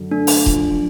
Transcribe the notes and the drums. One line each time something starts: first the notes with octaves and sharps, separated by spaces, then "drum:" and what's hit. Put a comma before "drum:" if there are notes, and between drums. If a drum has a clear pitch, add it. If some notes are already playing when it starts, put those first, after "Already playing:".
Already playing: F#2 D3
A3 D4
drum: open hi-hat
F3, drum: kick D#1